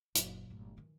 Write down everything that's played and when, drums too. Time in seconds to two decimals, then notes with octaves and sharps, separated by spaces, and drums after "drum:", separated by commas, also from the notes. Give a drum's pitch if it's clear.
0.15 F#1 A#2 F#3, drum: hi-hat
0.50 G1 A3
0.77 D#3 E3